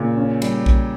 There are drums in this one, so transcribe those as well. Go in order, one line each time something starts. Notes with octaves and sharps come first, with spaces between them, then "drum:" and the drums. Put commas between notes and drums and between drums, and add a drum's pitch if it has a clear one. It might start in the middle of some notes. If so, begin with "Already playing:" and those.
Already playing: A#2 C#3
C#4
G3, drum: cymbal
drum: kick A#1